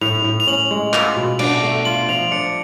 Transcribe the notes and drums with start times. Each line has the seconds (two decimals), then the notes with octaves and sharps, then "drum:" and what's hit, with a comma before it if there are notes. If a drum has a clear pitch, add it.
0.01 A2 F7
0.24 A2
0.40 F7
0.47 C#4 F#7
0.71 G#3
0.93 F4 F7, drum: clap
1.16 B2
1.39 D4 D7, drum: cymbal
1.63 A3
1.85 F4 F#7
2.09 F3 F7
2.31 D4 C#7